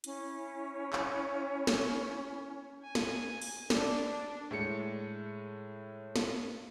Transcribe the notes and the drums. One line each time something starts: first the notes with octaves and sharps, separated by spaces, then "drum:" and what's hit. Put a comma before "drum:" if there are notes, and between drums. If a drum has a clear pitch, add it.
C#4 E4, drum: hi-hat
drum: clap
drum: snare
G#5
drum: snare
drum: open hi-hat
D4, drum: snare
A2 G#3 C#7
drum: snare